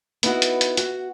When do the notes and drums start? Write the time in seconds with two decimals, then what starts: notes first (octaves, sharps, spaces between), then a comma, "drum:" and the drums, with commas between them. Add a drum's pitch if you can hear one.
0.23 B3 D#4 E4 F#4, drum: hi-hat
0.42 drum: hi-hat
0.61 drum: hi-hat
0.77 F#4, drum: hi-hat